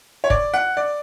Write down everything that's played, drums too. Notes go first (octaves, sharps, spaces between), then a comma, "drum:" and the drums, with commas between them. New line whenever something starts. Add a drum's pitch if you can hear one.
C#5
D5, drum: kick F#1
F#5
D5